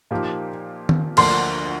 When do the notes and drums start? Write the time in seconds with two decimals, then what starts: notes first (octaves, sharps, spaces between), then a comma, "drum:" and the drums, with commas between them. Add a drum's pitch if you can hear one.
0.11 A#2 F3 A#3 D#4 G4
0.89 drum: tom D#3
1.17 D2 D3 F3 A#3 D4 C6, drum: cymbal